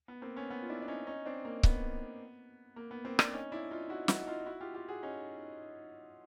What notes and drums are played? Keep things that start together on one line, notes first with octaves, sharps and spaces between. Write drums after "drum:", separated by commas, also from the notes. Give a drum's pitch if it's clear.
B3
A#3 C4
B3 C#4
B3
F4
D4 E4
D4
C#4 D#4
C#4 D#4
C4 D4
A#3
B3, drum: kick C#1
A#3
B3
A#3 C4
C4 D4, drum: rim click
C#4 D#4
D4 E4
D#4 F4
E4 F#4
E4 F#4, drum: snare
D#4 F4
E4 F#4
F4 G4
F4 G4
F#4 G#4
C#4 D#4